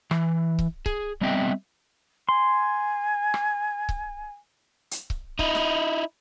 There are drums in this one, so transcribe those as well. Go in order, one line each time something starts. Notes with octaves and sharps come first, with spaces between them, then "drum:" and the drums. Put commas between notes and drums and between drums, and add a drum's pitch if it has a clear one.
E3, drum: rim click
drum: kick C#1
G#4, drum: kick C#1
G3 B3 C4 D#5 E5 G5
G#5 C6
drum: rim click
drum: kick C#1
drum: hi-hat
drum: kick C#1
D#4 E4, drum: kick C#1
drum: snare